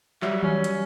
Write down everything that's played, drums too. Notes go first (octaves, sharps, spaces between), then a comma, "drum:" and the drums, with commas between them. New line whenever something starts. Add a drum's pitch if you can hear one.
F#3 G3 E5, drum: clap
C#4, drum: tom D#3
drum: hi-hat